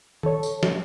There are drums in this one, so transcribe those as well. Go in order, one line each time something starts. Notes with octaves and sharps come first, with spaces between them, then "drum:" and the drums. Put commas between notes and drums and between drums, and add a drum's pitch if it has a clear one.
A4 C#5, drum: tom D#3
drum: tambourine
drum: snare